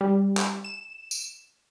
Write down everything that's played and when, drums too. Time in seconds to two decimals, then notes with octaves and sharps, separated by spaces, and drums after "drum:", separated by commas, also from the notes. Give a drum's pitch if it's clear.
0.01 G3
0.37 drum: clap
0.64 E7
1.11 drum: tambourine